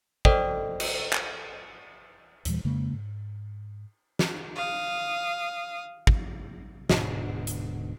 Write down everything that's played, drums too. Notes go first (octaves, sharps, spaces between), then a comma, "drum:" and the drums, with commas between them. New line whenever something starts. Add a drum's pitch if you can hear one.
A4 C5 D5 D#5 G5 D#6, drum: kick
drum: cymbal
drum: clap
D#2 A#2 E3 G3, drum: hi-hat
F2 C#3 G#3 A#3
G#2
drum: snare
F5 D#6
drum: kick
D1 G#2 B2 D3, drum: snare
drum: hi-hat